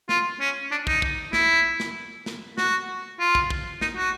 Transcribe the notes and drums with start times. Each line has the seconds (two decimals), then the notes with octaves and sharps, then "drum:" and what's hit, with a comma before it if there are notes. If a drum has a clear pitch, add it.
0.09 F4, drum: snare
0.40 C#4
0.71 D4
0.87 D#4, drum: kick
1.02 drum: kick
1.33 E4, drum: snare
1.80 drum: snare
2.26 drum: snare
2.58 F#4, drum: snare
3.19 F4
3.35 drum: kick
3.50 drum: kick
3.81 D#4, drum: snare
3.97 F#4